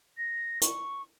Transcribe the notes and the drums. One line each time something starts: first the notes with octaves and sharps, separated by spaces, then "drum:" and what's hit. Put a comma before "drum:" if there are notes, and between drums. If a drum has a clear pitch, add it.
A#6
C#6, drum: hi-hat